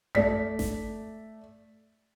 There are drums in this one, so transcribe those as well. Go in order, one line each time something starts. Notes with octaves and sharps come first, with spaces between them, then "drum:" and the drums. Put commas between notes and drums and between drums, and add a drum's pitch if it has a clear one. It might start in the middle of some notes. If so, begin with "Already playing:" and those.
A3 D5 B6, drum: tom F2
drum: snare G#1